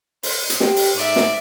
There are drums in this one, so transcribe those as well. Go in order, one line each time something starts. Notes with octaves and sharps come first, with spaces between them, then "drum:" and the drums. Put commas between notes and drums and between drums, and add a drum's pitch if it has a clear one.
C5, drum: open hi-hat
drum: hi-hat
G4, drum: snare
drum: open hi-hat
G#2 D5 E5
drum: snare